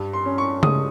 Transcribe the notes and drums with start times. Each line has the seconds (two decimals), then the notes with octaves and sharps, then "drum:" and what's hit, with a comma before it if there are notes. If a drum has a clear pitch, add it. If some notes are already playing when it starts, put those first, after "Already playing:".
Already playing: G2
0.13 C6
0.26 C#4
0.38 C#6
0.63 G#3 D#6, drum: tom C#3